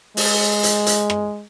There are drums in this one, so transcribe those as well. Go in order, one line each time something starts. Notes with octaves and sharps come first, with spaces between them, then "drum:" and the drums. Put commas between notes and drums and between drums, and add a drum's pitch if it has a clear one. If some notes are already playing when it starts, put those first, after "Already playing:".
G#3, drum: open hi-hat
drum: hi-hat
drum: hi-hat
drum: rim click